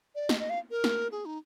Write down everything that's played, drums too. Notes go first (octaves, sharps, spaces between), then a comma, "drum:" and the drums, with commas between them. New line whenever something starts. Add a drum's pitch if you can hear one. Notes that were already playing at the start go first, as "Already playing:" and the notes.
D5
D#5, drum: snare
D#5
F5
A#4
drum: snare
G#4
D#4